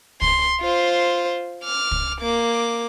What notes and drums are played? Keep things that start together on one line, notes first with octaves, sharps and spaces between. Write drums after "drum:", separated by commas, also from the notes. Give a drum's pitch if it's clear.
C6, drum: kick
F4 C5
D6 F6
drum: kick
A#3 D6